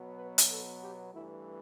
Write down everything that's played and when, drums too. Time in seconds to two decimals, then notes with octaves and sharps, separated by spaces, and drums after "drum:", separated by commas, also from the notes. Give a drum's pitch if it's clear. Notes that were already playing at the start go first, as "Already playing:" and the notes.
Already playing: B2 F#3 B3
0.15 B4
0.38 drum: hi-hat
0.48 A4
0.80 G4
1.12 G2 E3 A3 E4